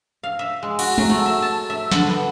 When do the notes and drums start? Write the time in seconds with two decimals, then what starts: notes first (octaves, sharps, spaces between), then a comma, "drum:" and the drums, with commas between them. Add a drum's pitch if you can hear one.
0.23 F5
0.39 E5
0.63 G#3
0.79 F#4, drum: cymbal
0.98 F#3, drum: tom G#3
1.10 A3
1.26 E5
1.42 A5
1.70 E5
1.92 D3, drum: snare
2.09 B3